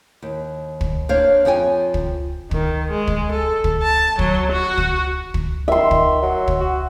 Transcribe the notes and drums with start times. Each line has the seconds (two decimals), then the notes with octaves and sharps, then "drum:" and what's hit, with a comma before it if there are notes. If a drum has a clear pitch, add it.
0.22 D#2
0.81 drum: kick
1.09 A#3 D4 C5 C#5 F5
1.45 F2 F3 C#5 G5 G#5
1.94 drum: kick
2.51 D#3, drum: kick
2.91 G#3
3.07 drum: kick
3.32 A4
3.64 drum: kick
3.82 A5
4.19 F#3, drum: kick
4.52 F#4
4.77 drum: kick
5.34 drum: kick
5.68 D#3 E5 C6
5.91 drum: kick
6.22 F#3
6.48 drum: kick
6.61 F#4